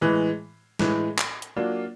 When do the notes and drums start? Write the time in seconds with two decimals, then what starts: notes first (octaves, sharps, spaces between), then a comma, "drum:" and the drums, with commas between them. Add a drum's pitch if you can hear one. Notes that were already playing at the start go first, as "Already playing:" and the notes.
0.01 A2 E3 G#3
0.79 A2 E3 G#3, drum: snare
1.18 drum: clap
1.42 drum: hi-hat
1.56 F#3 A#3 D4 F4